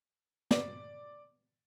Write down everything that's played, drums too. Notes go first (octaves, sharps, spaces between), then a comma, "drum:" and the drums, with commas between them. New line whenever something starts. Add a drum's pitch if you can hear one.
D5, drum: snare